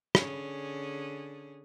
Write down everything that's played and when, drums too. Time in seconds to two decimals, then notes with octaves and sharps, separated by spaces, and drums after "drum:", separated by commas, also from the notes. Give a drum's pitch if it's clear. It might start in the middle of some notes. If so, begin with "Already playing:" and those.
0.15 D3 C#4 G#4, drum: rim click